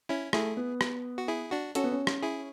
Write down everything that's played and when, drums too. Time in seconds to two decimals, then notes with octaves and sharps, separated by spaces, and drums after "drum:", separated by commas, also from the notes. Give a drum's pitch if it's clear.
0.09 C#4 E4
0.33 A3 E4 G#4, drum: rim click
0.57 B3
0.81 drum: rim click
1.18 F#4
1.28 E4 G#4
1.51 D4 F#4
1.75 C#4 F#4 A4, drum: hi-hat
1.84 B3
1.92 C#4
2.07 drum: rim click
2.22 E4 G#4